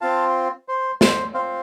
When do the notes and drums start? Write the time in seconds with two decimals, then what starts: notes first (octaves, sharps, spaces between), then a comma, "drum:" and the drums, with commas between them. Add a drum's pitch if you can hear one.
0.01 C4 F4 F5 A5
0.68 C5
1.01 C5, drum: snare
1.34 C4 F4 C5 F5